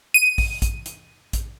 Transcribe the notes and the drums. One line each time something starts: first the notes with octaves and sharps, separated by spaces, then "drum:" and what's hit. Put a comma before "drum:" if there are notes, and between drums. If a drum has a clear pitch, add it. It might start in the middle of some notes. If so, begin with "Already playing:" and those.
D#7
drum: kick A1, open hi-hat
drum: kick A1, hi-hat
drum: hi-hat
drum: kick A1, hi-hat